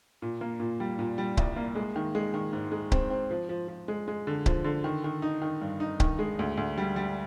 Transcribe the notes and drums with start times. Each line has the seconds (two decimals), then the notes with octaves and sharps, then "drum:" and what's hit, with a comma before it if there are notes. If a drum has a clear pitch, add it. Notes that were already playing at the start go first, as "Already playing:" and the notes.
0.22 A#2
0.41 A#3
0.60 A#2
0.80 G3
0.99 A#2
1.18 G3
1.37 C2, drum: kick C#1
1.56 A#3
1.75 G#3
1.96 D#3
2.15 G#3
2.34 D#3
2.53 G#2
2.72 G#3
2.92 C4, drum: kick C#1
3.10 C4
3.31 F3
3.49 F3
3.68 F3
3.88 G#3
4.08 G#3
4.27 D3
4.46 F3, drum: kick C#1
4.64 D3
4.84 D#3
5.04 D#3
5.22 D#4
5.42 D#3
5.62 G2
5.80 D#4
6.00 D#3, drum: kick C#1
6.19 G#3
6.39 D2
6.57 D2
6.78 G3
6.96 G3